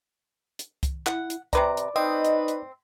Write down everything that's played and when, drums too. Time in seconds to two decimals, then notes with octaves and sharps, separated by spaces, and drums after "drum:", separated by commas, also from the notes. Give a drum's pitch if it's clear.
0.59 drum: hi-hat
0.83 drum: kick C2, hi-hat
1.06 E4 F#5, drum: clap
1.30 drum: hi-hat
1.53 C3 B4 D5 A#5 D6, drum: kick C2, hi-hat
1.77 drum: hi-hat
1.96 C4 D#4 B4 D#5
2.25 drum: hi-hat
2.48 drum: hi-hat